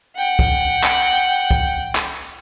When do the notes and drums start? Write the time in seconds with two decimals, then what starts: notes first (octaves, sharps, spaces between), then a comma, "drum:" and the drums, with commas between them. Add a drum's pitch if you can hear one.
0.17 F#5 G5
0.39 drum: kick
0.84 drum: clap
1.51 drum: kick
1.95 drum: clap